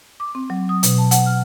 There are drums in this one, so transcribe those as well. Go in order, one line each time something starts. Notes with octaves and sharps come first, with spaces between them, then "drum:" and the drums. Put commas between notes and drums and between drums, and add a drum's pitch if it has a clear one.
D6
C4
F#3
D#6
B2, drum: hi-hat
A5
F#5, drum: hi-hat
F6